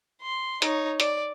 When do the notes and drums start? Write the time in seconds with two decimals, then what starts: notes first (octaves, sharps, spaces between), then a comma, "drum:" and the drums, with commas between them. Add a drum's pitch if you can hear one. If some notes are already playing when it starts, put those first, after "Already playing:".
0.22 C6
0.62 D#4 C#5, drum: hi-hat
1.00 D5, drum: hi-hat